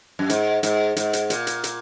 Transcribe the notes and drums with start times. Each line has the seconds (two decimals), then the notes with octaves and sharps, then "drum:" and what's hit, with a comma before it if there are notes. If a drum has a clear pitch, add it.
0.19 F#2
0.30 G#2, drum: hi-hat
0.63 G#2, drum: hi-hat
0.97 G#2, drum: hi-hat
1.13 drum: hi-hat
1.30 A#2, drum: hi-hat
1.47 drum: hi-hat
1.64 drum: hi-hat